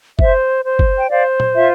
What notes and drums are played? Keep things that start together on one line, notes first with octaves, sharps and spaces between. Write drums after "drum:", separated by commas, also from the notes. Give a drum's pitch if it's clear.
C5 E5, drum: kick
C5
drum: kick
G5
C5 D5 F5
drum: tom A#2
F4 E5